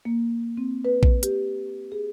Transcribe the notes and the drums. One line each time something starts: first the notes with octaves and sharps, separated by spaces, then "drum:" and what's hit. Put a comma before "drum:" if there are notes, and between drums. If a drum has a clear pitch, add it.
A#3
C4
B4
drum: kick A#1
G4, drum: hi-hat
G#4